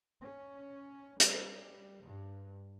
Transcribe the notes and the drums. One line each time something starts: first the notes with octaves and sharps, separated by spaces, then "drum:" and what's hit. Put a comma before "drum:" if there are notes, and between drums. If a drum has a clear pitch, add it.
C#4
G3, drum: hi-hat
G2